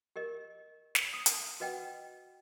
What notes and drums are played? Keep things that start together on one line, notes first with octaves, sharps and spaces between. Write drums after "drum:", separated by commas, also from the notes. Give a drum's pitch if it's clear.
G4 A#4 D#5
drum: snare
D#6
drum: hi-hat
F#4 B4 D#5 F#5 G5